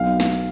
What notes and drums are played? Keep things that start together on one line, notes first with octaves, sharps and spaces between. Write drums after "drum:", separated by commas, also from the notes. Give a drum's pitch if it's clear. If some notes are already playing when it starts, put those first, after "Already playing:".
Already playing: B1 F5
drum: snare